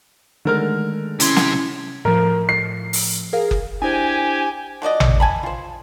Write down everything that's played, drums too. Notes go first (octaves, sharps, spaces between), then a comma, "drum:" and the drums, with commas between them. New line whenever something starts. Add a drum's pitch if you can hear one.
D3 D#3 G#3 A3 A#4 F6
C3 C#4 E4 C6 G#6, drum: hi-hat
drum: snare
A2 F3 A#4
C7
drum: open hi-hat
G#4 A#4 F5
drum: kick F#1
D4 E4 G4 C5 G#5
F3 F#4 D5 D#5
drum: tom A1
G#5 A5 B5
F4 C5